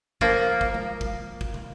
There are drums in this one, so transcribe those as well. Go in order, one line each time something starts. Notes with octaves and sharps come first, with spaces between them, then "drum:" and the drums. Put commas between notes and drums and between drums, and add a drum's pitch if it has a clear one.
F3 A#3, drum: kick
drum: kick
drum: tom G#3
drum: kick
drum: kick
drum: tom